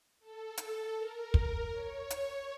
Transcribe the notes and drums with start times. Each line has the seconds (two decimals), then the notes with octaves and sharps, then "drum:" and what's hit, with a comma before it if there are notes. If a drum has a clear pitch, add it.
0.20 A4
0.57 drum: hi-hat
0.96 A#4
1.34 drum: kick
1.72 C#5
2.10 drum: hi-hat